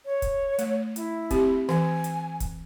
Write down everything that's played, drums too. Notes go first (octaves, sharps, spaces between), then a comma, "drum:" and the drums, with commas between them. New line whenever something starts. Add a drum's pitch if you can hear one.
C#5
drum: kick, hi-hat
A3, drum: hi-hat
E4, drum: hi-hat
C4 G4, drum: kick, hi-hat
E3 G#5, drum: rim click
drum: hi-hat
drum: kick, hi-hat